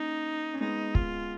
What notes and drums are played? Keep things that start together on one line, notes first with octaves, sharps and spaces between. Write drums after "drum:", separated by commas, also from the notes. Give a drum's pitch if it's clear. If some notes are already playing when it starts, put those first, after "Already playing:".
Already playing: A#3 C#4 D#4
C#4
G#3 B3 D#4
F4, drum: kick